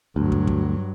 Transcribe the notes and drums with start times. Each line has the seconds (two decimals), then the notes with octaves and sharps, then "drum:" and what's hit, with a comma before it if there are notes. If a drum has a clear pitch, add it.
0.16 D2 G2 F#3
0.32 drum: kick
0.47 drum: kick